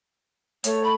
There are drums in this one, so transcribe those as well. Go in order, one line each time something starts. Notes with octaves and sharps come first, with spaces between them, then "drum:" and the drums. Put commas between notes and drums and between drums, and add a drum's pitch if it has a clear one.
A3 C#5, drum: hi-hat
B5